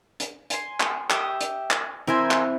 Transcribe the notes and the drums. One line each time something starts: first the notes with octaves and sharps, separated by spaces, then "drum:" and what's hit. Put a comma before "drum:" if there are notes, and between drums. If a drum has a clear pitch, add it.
drum: hi-hat
G#5 C6, drum: hi-hat
drum: clap
G4 E5 D#6, drum: clap
drum: hi-hat
drum: clap
C4 E4 A#4 C5 G#5
drum: clap